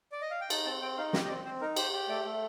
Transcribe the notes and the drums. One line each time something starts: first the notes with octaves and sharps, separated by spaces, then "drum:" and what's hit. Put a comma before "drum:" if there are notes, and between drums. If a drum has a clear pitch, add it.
D5
D#5
F5
G5
D#4 A5, drum: cymbal
C4 A5
C4 G5
D#4 F5
G4 D#5, drum: snare
D#5
C4 D5
C4 C5
D#4 A#4
G4 C5, drum: cymbal
G4
A3 D5
A3